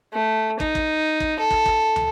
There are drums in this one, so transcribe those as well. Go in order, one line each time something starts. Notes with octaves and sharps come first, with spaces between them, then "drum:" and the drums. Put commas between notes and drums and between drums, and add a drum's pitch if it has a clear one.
A3
D#4, drum: kick
drum: kick
drum: kick
A4
drum: kick
drum: kick
drum: tom